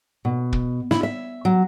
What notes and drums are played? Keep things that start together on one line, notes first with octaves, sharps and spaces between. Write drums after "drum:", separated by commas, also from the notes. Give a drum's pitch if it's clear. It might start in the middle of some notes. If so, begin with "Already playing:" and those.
B2
drum: kick
E4, drum: snare
E5
F#3